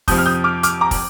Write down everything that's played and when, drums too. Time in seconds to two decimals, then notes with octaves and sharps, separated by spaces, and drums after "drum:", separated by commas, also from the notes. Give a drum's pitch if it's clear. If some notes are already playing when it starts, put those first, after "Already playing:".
0.08 F2 C3 F3 D#6 G6, drum: kick, open hi-hat
0.18 F6
0.26 D#6 G6
0.44 D6 F6
0.63 D6 F6, drum: hi-hat
0.81 A#5 D6
0.91 drum: kick, open hi-hat